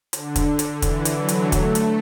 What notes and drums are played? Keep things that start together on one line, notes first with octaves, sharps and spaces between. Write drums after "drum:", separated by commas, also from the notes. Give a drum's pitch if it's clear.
D3, drum: hi-hat
drum: kick, hi-hat
drum: hi-hat
E3, drum: kick, hi-hat
drum: hi-hat
F#3
drum: hi-hat
A3, drum: kick, hi-hat
drum: hi-hat